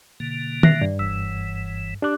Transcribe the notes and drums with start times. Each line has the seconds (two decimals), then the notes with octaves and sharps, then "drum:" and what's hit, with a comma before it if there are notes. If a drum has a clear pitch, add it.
0.20 B2 D3 A#3
0.63 E5 F#6 A#6 C7, drum: tom
0.81 G2 D5
0.99 F#1 E3 E6
2.02 D4 G4 D6 F#6